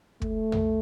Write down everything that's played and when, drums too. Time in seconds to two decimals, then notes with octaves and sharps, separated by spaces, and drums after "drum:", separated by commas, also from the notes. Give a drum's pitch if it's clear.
0.22 A3, drum: kick
0.52 drum: tom